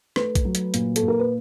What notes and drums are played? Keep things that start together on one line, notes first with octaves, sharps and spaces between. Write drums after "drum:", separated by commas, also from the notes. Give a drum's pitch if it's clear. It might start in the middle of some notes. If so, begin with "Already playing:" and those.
A3 B4, drum: rim click
drum: kick A#1, hi-hat
F#3
drum: hi-hat
A#2, drum: hi-hat
A4, drum: hi-hat
A#2
A#4
B4